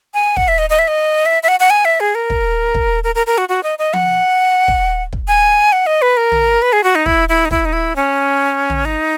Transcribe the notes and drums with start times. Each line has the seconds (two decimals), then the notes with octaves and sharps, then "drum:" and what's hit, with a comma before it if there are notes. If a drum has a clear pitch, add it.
0.14 G#5
0.37 F#5, drum: kick
0.48 E5
0.58 D#5
0.70 D#5
0.79 E5
0.88 D#5
1.26 E5
1.43 E5
1.48 F#5
1.60 F#5
1.70 G#5
1.85 E5
2.00 G#4
2.15 A#4
2.30 drum: kick
2.74 drum: kick
3.04 A#4
3.15 A#4
3.27 A#4
3.38 F#4
3.49 F#4
3.63 D#5
3.79 D#5
3.93 F#5, drum: tom F3
4.68 drum: kick
5.13 drum: kick
5.28 G#5
5.72 F#5
5.87 D#5
6.02 B4
6.17 A#4
6.32 drum: tom
6.62 B4
6.73 G#4
6.84 F#4
6.95 D#4
7.06 E4, drum: kick
7.29 E4
7.45 D#4
7.51 E4, drum: kick
7.65 D#4
7.73 E4
7.96 C#4
8.70 drum: tom
8.85 D#4